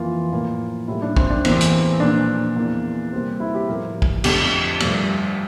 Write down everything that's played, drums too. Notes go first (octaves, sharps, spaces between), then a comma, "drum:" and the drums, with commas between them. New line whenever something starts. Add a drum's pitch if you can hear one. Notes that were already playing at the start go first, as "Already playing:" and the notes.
Already playing: F2 E3 A#3 F4
A2 F3 A#3
A2 G3 A#3 E4
D4
C4, drum: kick
D4
E2 E3 A#3 C4, drum: cymbal
drum: hi-hat
A#2 F3 A#3 D4
E2 E3 A#3
C3 G3 A#3 C4
E4
G4
A2 F3 A3 A#4
drum: kick
F2 D3 A3 G4, drum: cymbal
G2 F3 A3, drum: cymbal